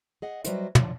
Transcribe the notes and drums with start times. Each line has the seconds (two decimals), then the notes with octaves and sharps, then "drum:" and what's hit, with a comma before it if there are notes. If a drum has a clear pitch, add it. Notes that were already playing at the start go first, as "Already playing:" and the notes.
0.22 G#4 D#5 F#5
0.44 F#3 G3 B4 C5 D#5 E5, drum: hi-hat
0.75 F#2 D3 F3, drum: tom